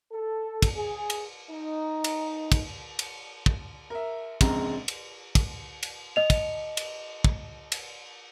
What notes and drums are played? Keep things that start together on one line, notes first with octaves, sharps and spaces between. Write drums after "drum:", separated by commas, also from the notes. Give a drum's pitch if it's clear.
A4
drum: kick, cymbal
G#4
drum: cymbal
D#4
drum: cymbal
drum: kick, cymbal
drum: cymbal
drum: kick
A#4 E5
A#1 C#3 G#3 C4 A#5, drum: kick, cymbal
drum: cymbal
drum: kick, cymbal
drum: cymbal
D#5 F7
drum: kick, cymbal
drum: cymbal
drum: kick
drum: cymbal